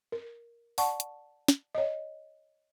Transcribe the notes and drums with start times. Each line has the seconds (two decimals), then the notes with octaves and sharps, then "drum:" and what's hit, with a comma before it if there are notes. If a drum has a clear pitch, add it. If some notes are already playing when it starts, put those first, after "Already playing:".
0.12 A#4
0.78 D5 F#5 A5 C#6, drum: open hi-hat
1.00 drum: hi-hat
1.48 drum: snare
1.75 C#5 D#5